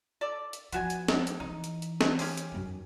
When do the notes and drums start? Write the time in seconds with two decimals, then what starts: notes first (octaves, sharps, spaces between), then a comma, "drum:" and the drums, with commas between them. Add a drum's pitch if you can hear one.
0.21 A4 D5
0.53 drum: hi-hat
0.73 F3 B3 F#4 G#5, drum: hi-hat
0.90 drum: hi-hat
1.08 drum: snare
1.27 drum: hi-hat
1.40 E3 D#4
1.64 drum: hi-hat
1.82 drum: hi-hat
2.01 drum: snare
2.19 C#4 G4 G#4, drum: open hi-hat
2.37 drum: hi-hat
2.52 F#2 D#4